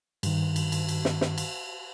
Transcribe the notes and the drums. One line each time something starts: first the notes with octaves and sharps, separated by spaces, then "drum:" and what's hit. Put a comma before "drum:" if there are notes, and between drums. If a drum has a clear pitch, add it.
G2 D#3, drum: cymbal
drum: cymbal
drum: cymbal
drum: cymbal
drum: snare
drum: snare
drum: cymbal